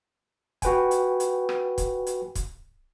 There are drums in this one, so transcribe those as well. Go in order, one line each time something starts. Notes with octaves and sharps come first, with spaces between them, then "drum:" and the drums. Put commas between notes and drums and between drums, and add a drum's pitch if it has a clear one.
F#4 B4 G5 G#5, drum: kick, hi-hat
drum: hi-hat
drum: hi-hat
drum: rim click
drum: kick, hi-hat
drum: hi-hat
drum: kick, hi-hat